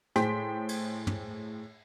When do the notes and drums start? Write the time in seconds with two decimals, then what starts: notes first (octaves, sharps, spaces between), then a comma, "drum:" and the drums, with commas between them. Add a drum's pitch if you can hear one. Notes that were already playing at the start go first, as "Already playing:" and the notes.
0.16 A2 G#4 C5 G5 C6 B6, drum: snare
0.69 drum: cymbal
1.07 drum: tom